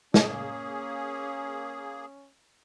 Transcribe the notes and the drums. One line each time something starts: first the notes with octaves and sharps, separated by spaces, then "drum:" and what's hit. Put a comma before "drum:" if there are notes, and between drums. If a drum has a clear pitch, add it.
A#3 C#4 G#4, drum: snare